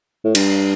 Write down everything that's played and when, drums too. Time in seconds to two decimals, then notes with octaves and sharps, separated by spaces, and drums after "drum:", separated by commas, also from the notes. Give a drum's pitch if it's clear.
0.25 A2
0.35 G2, drum: cymbal